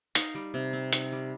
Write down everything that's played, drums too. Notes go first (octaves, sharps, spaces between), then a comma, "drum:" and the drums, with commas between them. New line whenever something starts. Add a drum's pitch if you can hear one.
D#4 F5, drum: hi-hat
G3
C3
C4
D#4, drum: hi-hat
G3